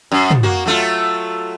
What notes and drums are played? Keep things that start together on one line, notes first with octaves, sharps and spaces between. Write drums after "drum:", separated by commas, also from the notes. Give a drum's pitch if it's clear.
F#2
drum: tom
A#3 F#4
F#3 A3 F4